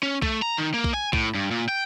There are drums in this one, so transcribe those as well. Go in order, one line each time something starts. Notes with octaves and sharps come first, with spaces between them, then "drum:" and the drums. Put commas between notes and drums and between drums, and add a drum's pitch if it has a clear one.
C#4
A3, drum: kick
A#5
D#3
A#3
drum: kick
G#5
A2, drum: kick
G2
A#2
G5